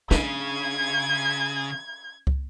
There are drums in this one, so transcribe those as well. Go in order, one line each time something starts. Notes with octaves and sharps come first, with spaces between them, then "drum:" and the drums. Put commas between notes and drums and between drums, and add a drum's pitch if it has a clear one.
C#3 C#4 D4 G#6, drum: snare
drum: kick